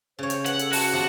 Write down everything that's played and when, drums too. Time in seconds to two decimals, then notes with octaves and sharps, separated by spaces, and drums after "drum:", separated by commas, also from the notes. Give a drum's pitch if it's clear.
0.19 C#3 C5 C#5
0.30 drum: hi-hat
0.46 B4 F#5, drum: hi-hat
0.59 A4, drum: hi-hat
0.73 F#4 A5, drum: open hi-hat
0.92 C3 F3 B3